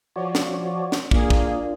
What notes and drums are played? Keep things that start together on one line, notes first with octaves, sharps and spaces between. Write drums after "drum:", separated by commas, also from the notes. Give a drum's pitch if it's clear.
F3 F#4 C#5 D5
drum: snare
drum: snare
A#3 D4 F4 G#4, drum: kick
drum: kick